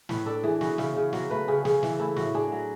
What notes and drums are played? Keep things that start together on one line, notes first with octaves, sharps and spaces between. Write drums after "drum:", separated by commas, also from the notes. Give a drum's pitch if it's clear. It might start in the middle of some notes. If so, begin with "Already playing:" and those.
A2 B4, drum: snare
D4 A4
E3 G#4
B3 F#4, drum: snare
C#3 E4, drum: snare
C#3
F#3 F#4, drum: snare
A3 B4
C#3 G#4
C#3 G#4, drum: snare
E3, drum: snare
A3 E4
A2 F#4, drum: snare
D4 G#4
F#3